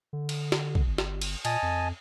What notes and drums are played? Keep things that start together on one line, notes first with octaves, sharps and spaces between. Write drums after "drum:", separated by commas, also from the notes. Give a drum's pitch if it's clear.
D3
drum: cymbal
drum: snare
drum: kick
G1
drum: snare
drum: cymbal
A#2 D#5 G#5 A5, drum: cymbal
F2